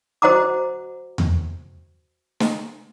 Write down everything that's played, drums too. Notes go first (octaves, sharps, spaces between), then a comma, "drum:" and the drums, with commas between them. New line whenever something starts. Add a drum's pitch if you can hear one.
F#4 C5 D#5 F#5 A#5 D6
drum: tom E2
drum: snare